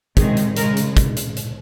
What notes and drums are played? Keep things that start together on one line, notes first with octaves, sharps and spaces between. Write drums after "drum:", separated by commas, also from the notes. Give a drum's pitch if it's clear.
C3 D#3 G#3 G#4, drum: kick, hi-hat
drum: hi-hat
C#3 G#3 A#4, drum: hi-hat
drum: hi-hat
drum: kick, hi-hat
drum: hi-hat
drum: hi-hat